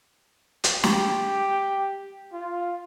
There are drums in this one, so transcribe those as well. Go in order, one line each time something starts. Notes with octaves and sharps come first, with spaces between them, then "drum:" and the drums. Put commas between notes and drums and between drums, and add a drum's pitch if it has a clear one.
drum: hi-hat
G4, drum: snare
F4